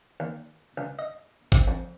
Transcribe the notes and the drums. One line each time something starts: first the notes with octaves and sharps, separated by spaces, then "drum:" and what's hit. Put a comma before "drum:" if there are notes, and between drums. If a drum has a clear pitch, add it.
D#2
C#2
D#5
C3, drum: kick G#1
F2